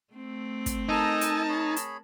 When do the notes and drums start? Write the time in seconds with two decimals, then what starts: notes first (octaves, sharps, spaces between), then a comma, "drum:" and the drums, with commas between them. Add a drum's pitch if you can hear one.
0.14 A3 C4
0.66 drum: kick, hi-hat
0.89 D#4 A4 A#4 D#5 G#5 A5
1.21 drum: hi-hat
1.49 G#4 C#5 B5
1.76 drum: hi-hat